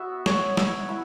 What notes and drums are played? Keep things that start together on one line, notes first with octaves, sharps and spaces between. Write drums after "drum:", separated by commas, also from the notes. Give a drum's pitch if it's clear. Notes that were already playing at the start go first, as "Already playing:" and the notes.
Already playing: B3 F#4 E5
C#5, drum: snare
E5, drum: snare
E4